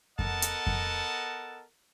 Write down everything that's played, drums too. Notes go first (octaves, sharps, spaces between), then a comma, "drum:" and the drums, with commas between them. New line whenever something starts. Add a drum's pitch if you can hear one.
B3 A4 A#4 D#5 F#5 A5, drum: kick F2
drum: hi-hat
drum: kick F2